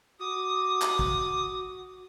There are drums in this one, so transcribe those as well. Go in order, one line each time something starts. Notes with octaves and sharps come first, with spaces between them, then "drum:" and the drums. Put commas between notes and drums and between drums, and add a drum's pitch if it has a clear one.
F#4 D6 D#6
drum: clap
drum: kick